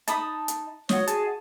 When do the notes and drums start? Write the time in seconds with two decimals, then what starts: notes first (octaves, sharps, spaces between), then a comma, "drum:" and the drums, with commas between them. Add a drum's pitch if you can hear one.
0.08 D#4 A5 B5 D#6, drum: hi-hat
0.48 drum: hi-hat
0.89 F#4 C#5 D#5, drum: snare
1.07 G#4 A5, drum: hi-hat